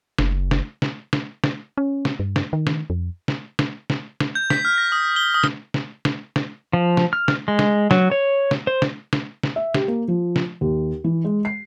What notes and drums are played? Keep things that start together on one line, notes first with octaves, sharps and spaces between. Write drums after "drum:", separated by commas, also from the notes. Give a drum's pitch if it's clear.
F#1, drum: snare
drum: snare
drum: snare
drum: snare
drum: snare
C#4
drum: snare
G2
drum: snare
D#3
drum: snare
F2
drum: snare
drum: snare
drum: snare
drum: snare
G6
B6, drum: snare
F6
A#6
D#6
G7
D#6
drum: snare
drum: snare
drum: snare
drum: snare
F3
drum: snare
F6
drum: snare
G#3
drum: snare
F#3, drum: snare
C#5
drum: snare
C5
drum: snare
drum: snare
drum: snare
E5
G4, drum: snare
A#3
F3
drum: snare
D#2
E3
G#3
C7